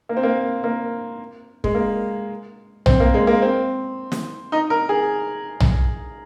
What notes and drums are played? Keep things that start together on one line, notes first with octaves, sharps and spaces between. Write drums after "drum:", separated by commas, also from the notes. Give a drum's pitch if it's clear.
A#3
C4
A#3
A#3
G#3, drum: kick
A#3
C4, drum: tom B1
A#3
G#3
A#3
C4
drum: snare
D#4
A#4
G#4
drum: tom B1